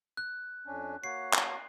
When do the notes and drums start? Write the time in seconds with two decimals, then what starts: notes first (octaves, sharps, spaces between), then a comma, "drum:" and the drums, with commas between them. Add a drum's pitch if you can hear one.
0.17 F#6
0.67 F2 C#4 D4
1.04 A#3 F#4 C#5 C7
1.34 drum: clap